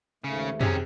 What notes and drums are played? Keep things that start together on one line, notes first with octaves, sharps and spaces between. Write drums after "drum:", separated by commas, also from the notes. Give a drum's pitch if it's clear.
D#2 G#2 C#3 A3
C3 D#3 C#4 G#4, drum: tom